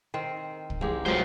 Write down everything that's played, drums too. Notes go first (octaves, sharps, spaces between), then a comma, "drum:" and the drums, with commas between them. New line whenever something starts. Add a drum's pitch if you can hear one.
D#3 C4
drum: kick
A1 G#3 G4 G#4
C#2 F#3 A3 C4 F4 C5